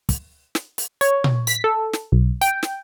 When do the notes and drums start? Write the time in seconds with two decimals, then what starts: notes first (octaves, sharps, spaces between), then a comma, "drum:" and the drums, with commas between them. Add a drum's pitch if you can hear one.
0.09 drum: kick, hi-hat
0.55 drum: snare
0.78 drum: hi-hat
1.01 C#5, drum: hi-hat
1.24 drum: tom A#2
1.47 B6, drum: hi-hat
1.64 A4
1.93 drum: snare
2.12 B1
2.41 G5, drum: hi-hat
2.63 drum: snare